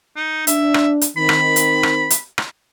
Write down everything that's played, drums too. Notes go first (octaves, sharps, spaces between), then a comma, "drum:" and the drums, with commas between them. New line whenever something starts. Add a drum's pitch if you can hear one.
D#4
D4 E5, drum: hi-hat
drum: rim click
drum: hi-hat
D#3 C4 B5
drum: rim click
drum: hi-hat
drum: rim click
drum: hi-hat
drum: rim click